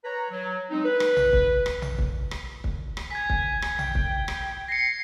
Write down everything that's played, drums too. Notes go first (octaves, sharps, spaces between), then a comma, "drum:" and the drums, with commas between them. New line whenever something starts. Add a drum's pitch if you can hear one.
B4 C#5 A#5
F#3
F#3 G#3 C4 D#4
B4
drum: rim click
drum: tom A#1
drum: kick
drum: rim click
drum: tom A#1
drum: kick
drum: rim click
drum: kick
drum: rim click
G#5 G#6 B6
drum: kick
drum: rim click
G5, drum: tom A#1
drum: kick
drum: rim click
A#6 C7 C#7